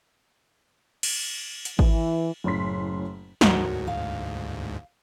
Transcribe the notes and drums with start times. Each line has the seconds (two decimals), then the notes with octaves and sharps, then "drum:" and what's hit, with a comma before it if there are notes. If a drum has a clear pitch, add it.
1.03 drum: cymbal
1.65 drum: hi-hat
1.79 E3, drum: kick G#1
2.44 F#1 A2 C#4 C6 B6
3.41 D2 G#2 F#4 A#4 C#5, drum: snare
3.87 F5